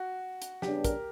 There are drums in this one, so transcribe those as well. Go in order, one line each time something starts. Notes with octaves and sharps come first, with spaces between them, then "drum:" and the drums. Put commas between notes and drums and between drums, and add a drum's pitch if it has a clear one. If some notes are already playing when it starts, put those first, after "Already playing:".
Already playing: F#4
drum: hi-hat
C#3 G3 B3 D4 G4, drum: snare
A#4, drum: kick, hi-hat